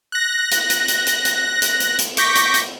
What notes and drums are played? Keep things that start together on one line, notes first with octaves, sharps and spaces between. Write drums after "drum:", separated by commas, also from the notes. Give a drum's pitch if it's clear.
F#6 A#6
drum: hi-hat
drum: hi-hat
drum: hi-hat
drum: hi-hat
drum: hi-hat
drum: hi-hat
drum: hi-hat
drum: hi-hat
C#6 D6 G6 A#6 B6, drum: hi-hat
drum: hi-hat
drum: hi-hat